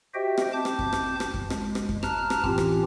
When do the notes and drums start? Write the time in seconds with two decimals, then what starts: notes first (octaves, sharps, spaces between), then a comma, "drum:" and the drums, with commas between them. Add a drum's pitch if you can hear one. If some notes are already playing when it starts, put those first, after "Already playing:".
0.14 F#4 G4 C5 D#5 E5 G5
0.38 drum: rim click
0.53 C4 A5 D6 G6
0.65 drum: rim click
0.79 drum: kick F#2
0.93 drum: rim click
1.20 drum: rim click
1.34 drum: kick F#2
1.50 G#3, drum: rim click
1.75 drum: rim click
1.89 drum: kick F#2
2.03 A5 A#5 F6 F#6, drum: rim click
2.30 drum: rim click
2.44 A2 E3 C4 C#4 F4 G4, drum: kick F#2
2.58 drum: rim click